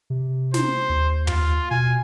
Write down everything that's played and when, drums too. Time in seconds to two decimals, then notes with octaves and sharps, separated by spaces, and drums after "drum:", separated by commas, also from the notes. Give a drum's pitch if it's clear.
0.10 C3
0.54 C5, drum: snare
0.89 D#2
1.27 F4, drum: tom
1.71 B2 G#5